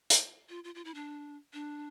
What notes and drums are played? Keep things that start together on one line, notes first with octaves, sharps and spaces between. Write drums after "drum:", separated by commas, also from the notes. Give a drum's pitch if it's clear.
drum: hi-hat
F4
F4
F4
E4
D4
D4